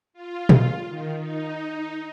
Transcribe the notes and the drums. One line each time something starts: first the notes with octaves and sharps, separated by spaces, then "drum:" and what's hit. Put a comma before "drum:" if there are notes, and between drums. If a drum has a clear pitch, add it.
F4
drum: tom A#2
D#3
D#4